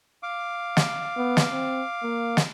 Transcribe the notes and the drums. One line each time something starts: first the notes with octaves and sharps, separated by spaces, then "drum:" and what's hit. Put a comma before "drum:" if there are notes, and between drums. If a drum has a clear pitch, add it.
F5 D6
drum: snare
B3
drum: snare
C4
A#3
drum: snare